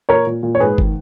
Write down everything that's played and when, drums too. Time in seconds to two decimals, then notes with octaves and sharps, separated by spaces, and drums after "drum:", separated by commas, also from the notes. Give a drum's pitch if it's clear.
0.09 A#2 A#4 C#5
0.27 A#2
0.43 A#2
0.55 C#5
0.60 G#2 G#4 B4
0.78 D#3, drum: kick